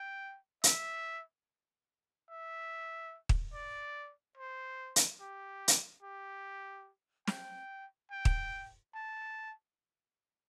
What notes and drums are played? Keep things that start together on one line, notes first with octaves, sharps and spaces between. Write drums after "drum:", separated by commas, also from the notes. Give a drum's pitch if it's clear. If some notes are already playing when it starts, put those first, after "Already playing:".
Already playing: G5
E5, drum: hi-hat
E5
drum: kick
D5
C5
drum: hi-hat
G4
drum: hi-hat
G4
G5, drum: snare
G5
drum: kick
A5